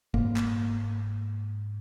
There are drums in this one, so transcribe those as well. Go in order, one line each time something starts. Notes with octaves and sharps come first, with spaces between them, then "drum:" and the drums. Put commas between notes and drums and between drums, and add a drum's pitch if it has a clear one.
G#2 A#3, drum: kick F#1
drum: clap